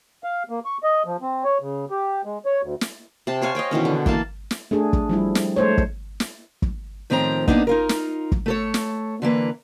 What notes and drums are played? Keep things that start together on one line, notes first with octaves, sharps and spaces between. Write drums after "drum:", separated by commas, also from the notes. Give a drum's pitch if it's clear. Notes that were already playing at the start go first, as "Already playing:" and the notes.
F5
A#3
C#6
D#5
F3
C4
C#5
C#3
G4
G#3
C#5
D2
drum: snare
C3 A5
C5 C#5 F5 G#5
D#5 F5 G5 G#5
B2 D#3 E3 C#4
D3
E3 A#3 F5 A5, drum: kick
drum: snare
A3 D4 G#4
drum: kick
F3 G3 E4
drum: snare
G#3 A3 C5 C#5
drum: kick
drum: snare
drum: kick
A2 D#3 F3 C4 G4 A#5
A#3 B3 D4 D#4, drum: kick
D#4 F4 A#4
drum: snare
drum: kick
A3 A4 C#5
drum: snare
D3 E3 A#3 B4